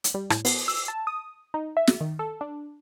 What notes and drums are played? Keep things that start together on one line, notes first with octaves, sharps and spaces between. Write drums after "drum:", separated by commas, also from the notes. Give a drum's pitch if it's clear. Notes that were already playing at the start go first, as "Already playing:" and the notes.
drum: hi-hat
G3
A2, drum: rim click
B3, drum: open hi-hat
E6
A5
D#6
D#4
E5
drum: snare
D#3
A4
D4